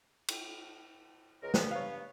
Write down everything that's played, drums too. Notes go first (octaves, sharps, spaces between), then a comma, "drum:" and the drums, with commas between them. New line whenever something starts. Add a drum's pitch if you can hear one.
drum: cymbal
C#2 A#4
G2 B3, drum: snare
C#5 F5